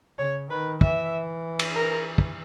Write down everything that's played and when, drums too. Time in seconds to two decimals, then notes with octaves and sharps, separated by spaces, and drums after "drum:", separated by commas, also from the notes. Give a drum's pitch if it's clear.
0.18 C#3 C#5
0.50 D#3 B4
0.81 E3 E5, drum: kick
1.59 drum: cymbal
1.76 A#4
2.18 drum: kick